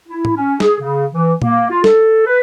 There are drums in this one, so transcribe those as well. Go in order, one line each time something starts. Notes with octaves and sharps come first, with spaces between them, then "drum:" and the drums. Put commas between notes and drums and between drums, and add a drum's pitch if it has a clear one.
E4
drum: tom A2
C#4
G#4, drum: snare
C#3
E3
A#3, drum: tom A#2
F4
A4, drum: snare
B4